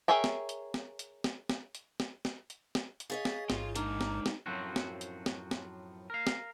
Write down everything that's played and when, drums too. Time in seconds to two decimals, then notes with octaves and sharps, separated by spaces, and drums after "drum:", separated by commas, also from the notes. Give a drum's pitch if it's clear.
0.08 G#4 A#4 C#5 E5 G5
0.24 drum: snare
0.49 drum: hi-hat
0.74 drum: snare
0.99 drum: hi-hat
1.24 drum: snare
1.49 drum: snare
1.75 drum: hi-hat
2.00 drum: snare
2.25 drum: snare
2.50 drum: hi-hat
2.75 drum: snare
3.00 drum: hi-hat
3.10 G#4 C#5 D#5 F5 A6 B6
3.25 drum: snare
3.50 A1 G#2 F4 C6, drum: snare
3.75 G#3 A#3 D4 D#4, drum: hi-hat
4.01 drum: snare
4.26 drum: snare
4.46 F#2 A2 F3 F#3 C4 F#4
4.76 drum: snare
5.01 drum: hi-hat
5.26 drum: snare
5.51 drum: snare
6.10 A#4 F5
6.27 drum: snare